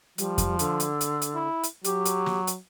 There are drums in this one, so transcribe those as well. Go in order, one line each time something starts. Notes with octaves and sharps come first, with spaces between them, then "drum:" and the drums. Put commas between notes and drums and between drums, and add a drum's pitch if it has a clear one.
F3 G3, drum: hi-hat
drum: kick F2, hi-hat
D3, drum: hi-hat
drum: hi-hat
drum: hi-hat
drum: hi-hat
E4
drum: hi-hat
F#3 G4, drum: hi-hat
drum: hi-hat
drum: snare
drum: hi-hat